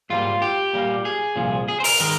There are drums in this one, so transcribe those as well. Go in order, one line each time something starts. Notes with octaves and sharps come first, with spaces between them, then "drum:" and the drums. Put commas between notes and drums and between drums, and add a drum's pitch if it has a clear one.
G#2 G3 A#3 F4
G4
A#2 G3 A#3
G#4
C2 A#2 F3
G#4
C5
A#4, drum: open hi-hat
D#3 G#3 A#4